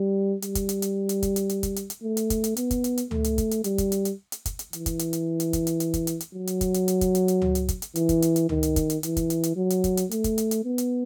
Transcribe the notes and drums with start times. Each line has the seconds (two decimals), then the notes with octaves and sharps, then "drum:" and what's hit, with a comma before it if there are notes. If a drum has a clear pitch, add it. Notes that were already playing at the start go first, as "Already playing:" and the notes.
Already playing: G3
0.42 G3, drum: hi-hat
0.55 drum: kick, hi-hat
0.69 drum: hi-hat
0.82 drum: hi-hat
1.09 drum: hi-hat
1.23 drum: kick, hi-hat
1.36 drum: hi-hat
1.49 drum: hi-hat
1.63 drum: kick, hi-hat
1.76 drum: hi-hat
1.90 drum: hi-hat
2.03 A3
2.17 drum: hi-hat
2.30 drum: kick, hi-hat
2.44 drum: hi-hat
2.57 B3, drum: hi-hat
2.71 drum: kick, hi-hat
2.84 drum: hi-hat
2.98 drum: hi-hat
3.11 A3, drum: tom C#2
3.24 drum: hi-hat
3.38 drum: kick, hi-hat
3.51 drum: hi-hat
3.64 G3, drum: hi-hat
3.78 drum: kick, hi-hat
3.92 drum: hi-hat
4.05 drum: hi-hat
4.32 drum: hi-hat
4.46 drum: kick, hi-hat
4.59 drum: hi-hat
4.73 E3, drum: hi-hat
4.86 drum: kick, hi-hat
4.99 drum: hi-hat
5.13 drum: hi-hat
5.40 drum: hi-hat
5.53 drum: kick, hi-hat
5.67 drum: hi-hat
5.80 drum: hi-hat
5.94 drum: kick, hi-hat
6.07 drum: hi-hat
6.20 drum: hi-hat
6.35 F#3
6.47 drum: hi-hat
6.61 drum: kick, hi-hat
6.74 drum: hi-hat
6.88 drum: hi-hat
7.01 drum: kick, hi-hat
7.15 drum: hi-hat
7.28 drum: hi-hat
7.42 drum: tom C#2
7.55 drum: hi-hat
7.69 drum: kick, hi-hat
7.82 drum: hi-hat
7.96 E3, drum: hi-hat
8.09 drum: kick, hi-hat
8.22 drum: hi-hat
8.36 drum: hi-hat
8.49 D#3, drum: tom C#2
8.63 drum: hi-hat
8.76 drum: kick, hi-hat
8.90 drum: hi-hat
9.03 E3, drum: hi-hat
9.17 drum: kick, hi-hat
9.30 drum: hi-hat
9.43 drum: hi-hat
9.56 F#3
9.70 drum: hi-hat
9.84 drum: kick, hi-hat
9.97 drum: hi-hat
10.11 A3, drum: hi-hat
10.24 drum: kick, hi-hat
10.38 drum: hi-hat
10.51 drum: hi-hat
10.64 B3
10.78 drum: hi-hat